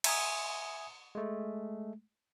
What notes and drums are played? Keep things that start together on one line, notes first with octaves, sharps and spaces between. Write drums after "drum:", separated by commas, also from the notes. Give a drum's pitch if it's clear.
E5 G#5 D#6, drum: cymbal
G#3 A3